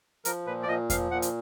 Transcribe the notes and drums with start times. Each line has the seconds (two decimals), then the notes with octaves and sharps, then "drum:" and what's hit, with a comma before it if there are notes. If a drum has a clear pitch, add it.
0.25 F3 A#4, drum: hi-hat
0.46 A#2 B4
0.63 D5
0.68 A#2 D#5
0.90 F3 F5, drum: kick E2, hi-hat
1.11 A#2 F#5
1.22 drum: hi-hat